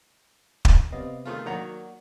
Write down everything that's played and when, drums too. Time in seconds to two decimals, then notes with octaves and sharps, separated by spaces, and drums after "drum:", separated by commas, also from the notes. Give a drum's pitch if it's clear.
0.65 drum: kick
0.92 C3 B3 D5 D#5 F5
1.25 D#3 A3 F4 G#4 F5
1.46 D#3 F#3 A#3 F#4 D5 F#5 A#5